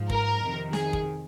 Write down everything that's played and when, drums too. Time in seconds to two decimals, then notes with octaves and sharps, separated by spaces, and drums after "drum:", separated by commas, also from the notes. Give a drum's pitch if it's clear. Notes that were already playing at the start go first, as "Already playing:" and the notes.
Already playing: G#2 F3
0.10 A#4, drum: kick
0.42 F2 C3 D#3
0.73 G#4, drum: snare
0.93 drum: kick